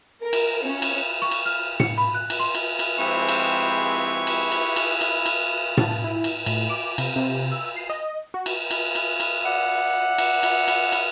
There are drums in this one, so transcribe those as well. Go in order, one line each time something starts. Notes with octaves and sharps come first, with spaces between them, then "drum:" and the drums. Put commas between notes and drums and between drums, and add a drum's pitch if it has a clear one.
A#4
drum: cymbal
C#4
drum: cymbal
C#6
drum: cymbal
F6
C#7, drum: tom A2
B5
F#6
drum: cymbal
C6
drum: cymbal
drum: cymbal
F3 G#3 C4 E4 G4 G#4 B4 C#6
drum: cymbal
drum: cymbal
drum: cymbal
drum: cymbal
drum: cymbal
drum: cymbal
A5, drum: tom A2
E4
drum: cymbal
A2, drum: cymbal
D6
C3, drum: cymbal
C3
E6
C7
D#5
F#4
drum: cymbal
drum: cymbal
drum: cymbal
drum: cymbal
D5 E5 F#5
drum: cymbal
drum: cymbal
drum: cymbal
drum: cymbal